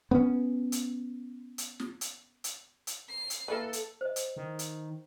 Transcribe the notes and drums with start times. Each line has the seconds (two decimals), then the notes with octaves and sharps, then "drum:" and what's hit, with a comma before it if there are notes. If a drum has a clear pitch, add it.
0.11 B3 C#4
0.72 drum: hi-hat
1.58 drum: hi-hat
1.80 drum: snare
2.01 drum: hi-hat
2.44 drum: hi-hat
2.87 drum: hi-hat
3.08 C7
3.30 drum: hi-hat
3.48 A#3 E4 A4 B4
3.73 drum: hi-hat
4.01 C5 D#5
4.16 drum: hi-hat
4.36 D#3
4.59 drum: hi-hat